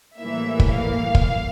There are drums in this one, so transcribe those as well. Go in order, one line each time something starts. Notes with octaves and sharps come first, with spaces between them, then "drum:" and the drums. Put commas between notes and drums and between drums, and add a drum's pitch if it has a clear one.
A2 E3 G3 A#3 E5
drum: kick
F5
drum: kick